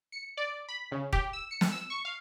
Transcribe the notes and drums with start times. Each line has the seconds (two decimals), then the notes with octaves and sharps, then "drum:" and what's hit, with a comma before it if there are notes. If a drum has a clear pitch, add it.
0.12 C#7
0.37 D5
0.68 B5
0.92 C#3
1.13 G4, drum: kick E1
1.33 E6
1.51 C#7
1.61 drum: snare
1.72 E6
1.90 C#6
2.05 F5